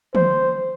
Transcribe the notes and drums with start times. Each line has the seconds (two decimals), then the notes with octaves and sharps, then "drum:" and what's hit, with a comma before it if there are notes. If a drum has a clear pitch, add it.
0.15 C5, drum: tom